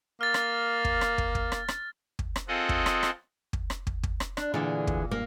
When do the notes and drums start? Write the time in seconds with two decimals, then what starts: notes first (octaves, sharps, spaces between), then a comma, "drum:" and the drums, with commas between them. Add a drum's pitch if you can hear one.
0.21 A#3 F6 A6
0.34 drum: rim click
0.85 drum: kick
1.01 drum: rim click
1.18 drum: kick
1.35 drum: kick
1.52 drum: rim click
1.68 drum: rim click
2.19 drum: kick
2.36 drum: rim click
2.48 C4 F4 G#4 A4 D#5 F#5
2.69 drum: kick
2.86 drum: rim click
3.03 drum: rim click
3.53 drum: kick
3.70 drum: rim click
3.87 drum: kick
4.03 drum: kick
4.20 drum: rim click
4.37 D4, drum: rim click
4.54 A#2 D3 E3 G#4 D5
4.87 drum: kick
5.12 G2 A#3